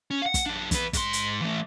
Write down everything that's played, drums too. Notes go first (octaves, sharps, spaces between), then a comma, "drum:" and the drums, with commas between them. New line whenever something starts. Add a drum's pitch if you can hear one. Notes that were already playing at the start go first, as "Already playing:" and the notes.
C#4
F5 F#5
drum: kick, hi-hat
F#2 D4
E2 B4, drum: kick, hi-hat
G#2 C6, drum: kick, hi-hat
drum: hi-hat
E3 A3